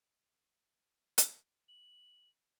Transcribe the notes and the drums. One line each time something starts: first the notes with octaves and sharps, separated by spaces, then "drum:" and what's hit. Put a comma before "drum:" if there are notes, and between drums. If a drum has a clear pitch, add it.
drum: hi-hat
F#7